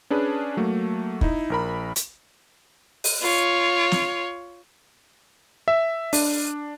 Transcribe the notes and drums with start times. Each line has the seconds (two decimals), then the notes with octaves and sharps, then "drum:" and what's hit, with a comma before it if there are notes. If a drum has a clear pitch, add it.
0.10 C#4 D4 G#4 B4
0.57 F#3 A3 A#3
1.21 D#4 E4, drum: kick
1.50 A#1 A#4 B5
1.96 drum: hi-hat
3.04 drum: open hi-hat
3.22 F4 C#5
3.92 drum: snare
5.68 E5
6.13 D4, drum: open hi-hat